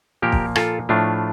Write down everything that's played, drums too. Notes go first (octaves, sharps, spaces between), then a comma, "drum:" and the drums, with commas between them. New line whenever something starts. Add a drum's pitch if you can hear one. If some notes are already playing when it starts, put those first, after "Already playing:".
A#2 F3 A#3 G4 A#4
drum: kick
F4 A4, drum: rim click
A2 F3 A3 D4 F4